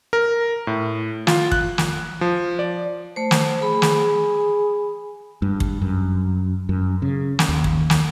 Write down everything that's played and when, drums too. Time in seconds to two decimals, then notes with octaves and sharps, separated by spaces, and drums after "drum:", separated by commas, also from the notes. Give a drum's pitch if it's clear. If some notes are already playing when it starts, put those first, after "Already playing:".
0.13 A#4
0.67 A2
1.27 F4, drum: snare
1.52 F#6, drum: kick
1.78 drum: snare
2.21 F3
2.59 D5
3.16 A3 C5
3.31 drum: snare
3.62 G#4 B5
3.82 drum: snare
5.42 G2
5.60 drum: kick
5.82 F#2
6.69 F#2
7.02 C#3
7.39 drum: snare
7.49 D#2
7.64 drum: kick
7.90 drum: snare